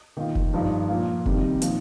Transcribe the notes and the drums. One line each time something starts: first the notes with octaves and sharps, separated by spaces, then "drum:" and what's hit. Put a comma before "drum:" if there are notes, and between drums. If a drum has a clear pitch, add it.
D#3 A#3 F4
drum: kick F1
G2 F3 D#4
A#2 F3 A#3 F4
C3 D#3 G3, drum: kick F1
A#2 F3 D#4, drum: hi-hat